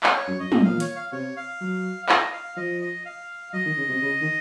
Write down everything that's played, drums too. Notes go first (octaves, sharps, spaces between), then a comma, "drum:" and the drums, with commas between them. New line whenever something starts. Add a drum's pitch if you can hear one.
drum: clap
C#5
F#2
F#2 D#5
A2, drum: tom
A#2 F5
C#5, drum: hi-hat
F5
C3 C#5
F5
F#3
D#5, drum: clap
F5
F3 D#5
D#5
F5
F#3 D#5
D#3
C#3
C3
C#3
D#3